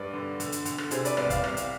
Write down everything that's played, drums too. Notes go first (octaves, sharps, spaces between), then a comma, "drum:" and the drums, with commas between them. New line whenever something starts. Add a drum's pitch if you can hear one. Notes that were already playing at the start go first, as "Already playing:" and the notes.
Already playing: G2 B4 D5
D3
D3, drum: hi-hat
drum: hi-hat
D3, drum: hi-hat
drum: rim click
C3 G#4 C5, drum: hi-hat
B4 D5, drum: hi-hat
C2 B4 D5, drum: rim click
D5 F5, drum: kick, hi-hat
C2, drum: rim click
drum: hi-hat